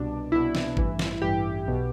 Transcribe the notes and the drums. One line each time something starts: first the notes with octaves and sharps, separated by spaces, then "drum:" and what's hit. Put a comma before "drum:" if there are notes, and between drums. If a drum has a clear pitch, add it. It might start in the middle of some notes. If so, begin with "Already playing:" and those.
Already playing: C2 B2 D4
C2 B2 E4
drum: snare
A1 G2 E3, drum: kick
drum: snare
A1 G2 E3 G4
B1 B2